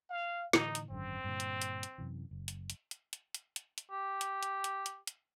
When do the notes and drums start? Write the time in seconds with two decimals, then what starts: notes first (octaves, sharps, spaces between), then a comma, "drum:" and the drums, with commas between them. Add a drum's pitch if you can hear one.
0.10 F5
0.53 A2 D3 E3 D#4, drum: snare
0.75 drum: hi-hat
0.90 G#1 F#2 D3 C4
1.24 G2 A#2 D3
1.40 drum: hi-hat
1.62 drum: hi-hat
1.83 drum: hi-hat
1.98 F#2 C3 E3
2.31 F#1
2.48 drum: hi-hat
2.70 drum: hi-hat
2.91 drum: hi-hat
3.13 drum: hi-hat
3.34 drum: hi-hat
3.56 drum: hi-hat
3.78 drum: hi-hat
3.91 G4
4.21 drum: hi-hat
4.43 drum: hi-hat
4.64 drum: hi-hat
4.86 drum: hi-hat
5.07 drum: hi-hat